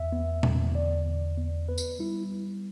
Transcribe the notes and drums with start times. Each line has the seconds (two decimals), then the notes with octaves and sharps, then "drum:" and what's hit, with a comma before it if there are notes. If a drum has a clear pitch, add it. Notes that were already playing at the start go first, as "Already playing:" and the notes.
Already playing: E2 E5
0.12 B3
0.43 E2, drum: tom A#2
0.74 D3 D5
1.05 E2
1.37 B3
1.68 B3 B4
1.78 drum: tambourine
1.99 G3 E4